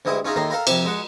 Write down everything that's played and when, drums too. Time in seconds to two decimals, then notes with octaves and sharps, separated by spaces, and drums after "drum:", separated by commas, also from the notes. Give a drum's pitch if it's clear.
0.05 D2 G2 G#3 E4 D#6
0.25 C#4 D#4 F4 G#4 E5 A#5
0.36 D#2 A2 D#3 A#5 C6
0.50 A4 A#4 F5 G5 A#5 B5
0.67 F2 C3, drum: cymbal
0.85 G#3 F#5